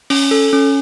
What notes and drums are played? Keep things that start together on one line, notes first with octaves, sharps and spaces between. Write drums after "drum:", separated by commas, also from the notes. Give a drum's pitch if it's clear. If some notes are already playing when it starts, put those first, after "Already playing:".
C#4, drum: open hi-hat
A4
C#4